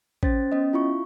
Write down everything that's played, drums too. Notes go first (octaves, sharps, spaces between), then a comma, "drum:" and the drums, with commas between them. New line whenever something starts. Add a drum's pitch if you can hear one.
C#4 C5 A6, drum: kick A1
B3 C#4 D#5
E4 F4 C#6